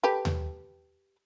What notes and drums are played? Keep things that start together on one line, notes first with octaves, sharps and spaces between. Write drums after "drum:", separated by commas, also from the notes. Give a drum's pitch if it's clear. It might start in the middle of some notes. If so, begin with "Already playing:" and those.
G4 A4 B4
drum: tom D#2